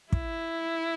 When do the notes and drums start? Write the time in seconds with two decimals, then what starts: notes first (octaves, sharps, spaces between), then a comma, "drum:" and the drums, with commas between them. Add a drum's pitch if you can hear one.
0.12 E4, drum: kick